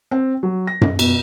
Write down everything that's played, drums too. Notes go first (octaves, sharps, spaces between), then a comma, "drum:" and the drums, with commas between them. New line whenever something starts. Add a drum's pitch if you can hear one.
C4
F#3
A#6
drum: tom F#2
B2, drum: cymbal